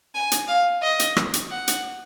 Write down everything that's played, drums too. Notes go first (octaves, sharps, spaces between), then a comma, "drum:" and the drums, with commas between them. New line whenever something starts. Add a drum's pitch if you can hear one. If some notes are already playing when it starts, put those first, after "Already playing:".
G#5
drum: hi-hat
F5
D#5
drum: hi-hat
drum: rim click
drum: hi-hat
F#5
drum: hi-hat